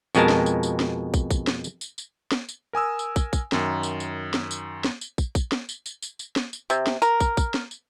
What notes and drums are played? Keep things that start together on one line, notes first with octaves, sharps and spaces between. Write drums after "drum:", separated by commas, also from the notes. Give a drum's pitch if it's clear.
F2 B2 G#3 A#4 A5, drum: tambourine
drum: snare
drum: tambourine
drum: tambourine
drum: snare
drum: kick, tambourine
drum: kick, tambourine
drum: snare
drum: tambourine
drum: tambourine
drum: tambourine
drum: snare
drum: tambourine
A#4 G#5 D#6 E6
drum: tambourine
drum: kick, tambourine
drum: kick, tambourine
F#2 D#3, drum: snare
drum: tambourine
drum: tambourine
drum: snare
drum: tambourine
drum: snare
drum: tambourine
drum: kick, tambourine
drum: kick, tambourine
drum: snare
drum: tambourine
drum: tambourine
drum: tambourine
drum: tambourine
drum: snare
drum: tambourine
C3, drum: tambourine
drum: snare
A#4, drum: tambourine
drum: kick, tambourine
drum: kick, tambourine
drum: snare
drum: tambourine